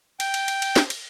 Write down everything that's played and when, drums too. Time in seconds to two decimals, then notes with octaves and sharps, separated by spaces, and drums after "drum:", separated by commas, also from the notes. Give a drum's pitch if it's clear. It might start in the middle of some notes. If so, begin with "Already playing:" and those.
0.20 G5, drum: cymbal
0.34 drum: cymbal
0.48 drum: cymbal
0.62 drum: cymbal
0.76 drum: snare
0.90 drum: cymbal